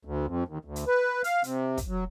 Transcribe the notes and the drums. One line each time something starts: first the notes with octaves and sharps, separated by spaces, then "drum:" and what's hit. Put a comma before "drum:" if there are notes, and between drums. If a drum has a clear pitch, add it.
D2
F2
D#2
D2
drum: hi-hat
B4
F5, drum: hi-hat
C3, drum: hi-hat
drum: kick, hi-hat
F#3